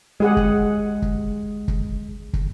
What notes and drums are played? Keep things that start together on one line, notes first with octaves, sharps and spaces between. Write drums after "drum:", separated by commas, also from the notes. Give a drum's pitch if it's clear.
G#3 G4 G#4 F#5
drum: kick
drum: kick
drum: kick
drum: kick